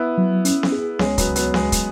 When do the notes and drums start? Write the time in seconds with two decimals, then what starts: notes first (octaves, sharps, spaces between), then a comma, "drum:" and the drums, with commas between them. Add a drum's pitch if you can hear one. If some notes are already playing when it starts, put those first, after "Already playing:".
Already playing: B3 E4
0.18 F#3
0.45 C#4, drum: hi-hat
0.63 drum: snare B3
0.72 G#4
0.99 C#2 G#3 C#4, drum: snare B3
1.18 F#3 B3, drum: kick, hi-hat
1.26 C#2
1.36 F#3 B3, drum: hi-hat
1.54 C#2 G#3, drum: snare B3
1.72 drum: kick, hi-hat